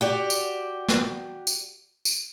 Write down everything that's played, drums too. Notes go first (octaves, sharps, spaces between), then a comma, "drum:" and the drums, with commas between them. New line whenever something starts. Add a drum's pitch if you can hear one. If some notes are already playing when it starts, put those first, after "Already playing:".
F#4 G4 D5
drum: tambourine
drum: snare
drum: tambourine
drum: tambourine